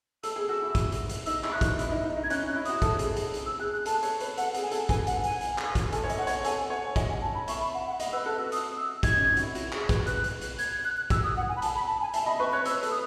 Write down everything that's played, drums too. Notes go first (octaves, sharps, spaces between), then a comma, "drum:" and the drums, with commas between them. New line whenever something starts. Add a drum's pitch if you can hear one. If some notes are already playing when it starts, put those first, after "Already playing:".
A4 E6, drum: hi-hat
G#4
F#4 E6
E4
drum: kick, hi-hat
drum: hi-hat
drum: hi-hat
D#4 E6, drum: hi-hat
E4, drum: clap
F#6
D#4, drum: kick, hi-hat
E4, drum: hi-hat
D#4
D#4
D#4
G#6
C#4 F#6, drum: hi-hat
D#4 F#6
E4
F#4 D#6, drum: hi-hat
A4, drum: kick, hi-hat
G#4, drum: hi-hat
G#4, drum: hi-hat
drum: hi-hat
E6
G#4 F#6
F#6
A4 A5, drum: hi-hat
C#5, drum: hi-hat
B4, drum: hi-hat
A4 F#5, drum: hi-hat
G#4, drum: hi-hat
G#5
A4, drum: hi-hat
B4 G#5, drum: kick, hi-hat
F#5, drum: hi-hat
G#5, drum: hi-hat
drum: hi-hat
drum: clap
drum: kick, hi-hat
A4 G#5, drum: hi-hat
C#5
D#5, drum: hi-hat
F#5
C#5, drum: hi-hat
A4 G#5, drum: hi-hat
C#5 F#5
D#5 G#5, drum: kick, hi-hat
G#5
A5
B5
E5 C#6, drum: hi-hat
B5
F#5
F#5
D#5 F#5, drum: hi-hat
B4 E6
A4 F#6
F#4 E6
D#6, drum: hi-hat
E6
D#4 G#6, drum: kick, hi-hat
C#4
D#4
F#4, drum: hi-hat
E4
F#4, drum: hi-hat
G#4, drum: clap
B4, drum: kick, hi-hat
B4 F#6, drum: hi-hat
drum: hi-hat
drum: hi-hat
G#6, drum: hi-hat
G#6
F#6
F#6
E6, drum: kick, hi-hat
D#6
F#5
G#5
B5
A5, drum: hi-hat
B5
A5
G#5
E5 A5, drum: hi-hat
D#5 B5
B4 C#6
C#5 F#6
B4 E6, drum: hi-hat
A4, drum: hi-hat
D#6